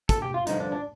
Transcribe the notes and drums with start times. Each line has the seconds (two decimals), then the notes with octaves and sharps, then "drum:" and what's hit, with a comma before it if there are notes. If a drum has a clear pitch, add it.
0.09 A4, drum: kick, hi-hat
0.22 G4
0.34 F4
0.47 G2 D3 F3 D#4, drum: hi-hat
0.60 D4
0.72 D4